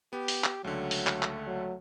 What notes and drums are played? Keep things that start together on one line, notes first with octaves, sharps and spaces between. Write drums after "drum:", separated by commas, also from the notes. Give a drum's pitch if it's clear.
B3 G4
drum: open hi-hat
drum: clap
C#2 D3 F#3 A3
drum: open hi-hat
drum: clap
drum: clap
F#3